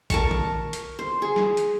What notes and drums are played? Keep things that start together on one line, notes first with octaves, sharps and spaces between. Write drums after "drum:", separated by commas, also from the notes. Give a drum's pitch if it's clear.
A#4 A5 C#6, drum: kick A#1, hi-hat
drum: tom
drum: hi-hat
C5
G#4
drum: snare
drum: hi-hat